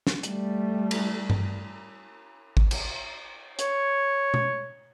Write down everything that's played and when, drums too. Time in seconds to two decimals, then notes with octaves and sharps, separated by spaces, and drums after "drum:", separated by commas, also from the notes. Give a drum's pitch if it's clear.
0.07 drum: snare
0.23 G3 A3, drum: hi-hat
0.91 drum: cymbal
1.30 drum: tom G2
2.57 drum: kick
2.71 drum: cymbal
3.59 C#5, drum: hi-hat
4.34 drum: tom B2